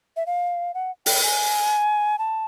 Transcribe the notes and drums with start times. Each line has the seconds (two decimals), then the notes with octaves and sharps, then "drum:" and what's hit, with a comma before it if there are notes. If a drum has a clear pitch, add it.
0.16 E5
0.26 F5
0.74 F#5
1.06 G5, drum: open hi-hat
1.23 G#5
2.19 A5